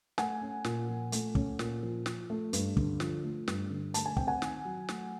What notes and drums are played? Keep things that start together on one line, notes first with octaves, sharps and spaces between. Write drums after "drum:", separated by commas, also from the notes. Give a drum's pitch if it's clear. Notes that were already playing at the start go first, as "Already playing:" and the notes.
A3 F#5 G#5, drum: snare
C#4
A#2, drum: snare
F3
A3, drum: hi-hat
C#4, drum: kick
A#2, drum: snare
F3
F3, drum: snare
A3
G2, drum: hi-hat
D3, drum: kick
F3, drum: snare
A3
G2, drum: snare
D3
A3 A5, drum: hi-hat
G#5
C4 G5, drum: kick
F#5 G#5
D#3, drum: snare
F#3
A3, drum: snare